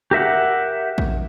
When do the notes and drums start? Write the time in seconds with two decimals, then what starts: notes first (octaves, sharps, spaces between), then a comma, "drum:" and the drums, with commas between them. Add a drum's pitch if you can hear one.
0.11 G4 A#4 E5 F#5
0.98 drum: kick A#1